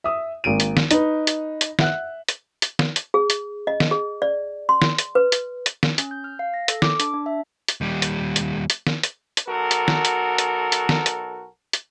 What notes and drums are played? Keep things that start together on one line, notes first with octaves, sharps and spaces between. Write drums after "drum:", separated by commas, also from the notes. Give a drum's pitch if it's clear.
E5 D#6
G#1 A#3 D7 D#7
drum: hi-hat
drum: snare
D#4 B4, drum: hi-hat
drum: hi-hat
drum: hi-hat
E5 F#5 F#6, drum: snare
drum: hi-hat
drum: hi-hat
drum: snare
drum: hi-hat
G#4
drum: hi-hat
D#5
drum: snare
G#4
D5
C6
drum: snare
drum: hi-hat
B4
drum: hi-hat
drum: hi-hat
drum: snare
C#4, drum: hi-hat
G6
F6
F5
A#6
A4, drum: hi-hat
D6, drum: snare
D4, drum: hi-hat
D4
E5
drum: hi-hat
D#2 G3
drum: hi-hat
drum: hi-hat
drum: hi-hat
drum: snare
drum: hi-hat
drum: hi-hat
B1 F#4 A4 A#4
drum: hi-hat
drum: snare
drum: hi-hat
drum: hi-hat
drum: hi-hat
drum: snare
drum: hi-hat
drum: hi-hat